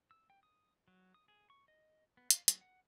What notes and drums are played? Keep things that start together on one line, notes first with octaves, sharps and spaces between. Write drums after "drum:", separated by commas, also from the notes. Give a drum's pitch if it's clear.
E6
G5
D#6
F#3
D#6
G#4
C#6
D#5
B3
F5, drum: hi-hat
F#3, drum: hi-hat
F#5